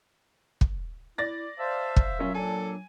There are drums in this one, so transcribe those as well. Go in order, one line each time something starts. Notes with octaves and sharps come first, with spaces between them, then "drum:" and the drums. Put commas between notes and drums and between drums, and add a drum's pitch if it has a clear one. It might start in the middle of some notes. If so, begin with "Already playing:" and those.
drum: kick
E4 D5 A6 A#6
C5 E5 F5 A5
drum: kick
B2 F#3 C#4 F4 A#4
A#2 D4 A4 G#5